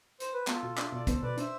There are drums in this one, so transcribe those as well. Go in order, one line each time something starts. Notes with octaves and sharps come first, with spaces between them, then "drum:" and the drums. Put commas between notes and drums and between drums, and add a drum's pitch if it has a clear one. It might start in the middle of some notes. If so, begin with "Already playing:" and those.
C5, drum: hi-hat
B4
B3 F4 A4, drum: clap
B2
D4 E5, drum: clap
B2 D5
B3 A4 C5, drum: kick, hi-hat
B2 B4 D5
D4 C5 E5, drum: hi-hat